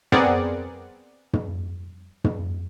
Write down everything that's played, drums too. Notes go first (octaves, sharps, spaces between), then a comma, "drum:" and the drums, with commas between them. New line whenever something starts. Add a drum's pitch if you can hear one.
B3 C4 G#4 A#4 D5 F#5, drum: tom
drum: tom
drum: tom